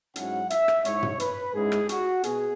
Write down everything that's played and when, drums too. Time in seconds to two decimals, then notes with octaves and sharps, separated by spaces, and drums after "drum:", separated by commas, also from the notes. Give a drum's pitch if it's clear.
0.16 G#2 F#3 C#4 E4 F#5, drum: hi-hat
0.50 E5, drum: hi-hat
0.68 drum: rim click
0.85 G#2 G#3 E4 C#5, drum: hi-hat
1.03 drum: tom
1.20 B4, drum: hi-hat
1.54 G#2 G#3 C#4 E4 G#4
1.72 drum: rim click
1.89 F#4, drum: hi-hat
2.23 B2 B3 G#4, drum: hi-hat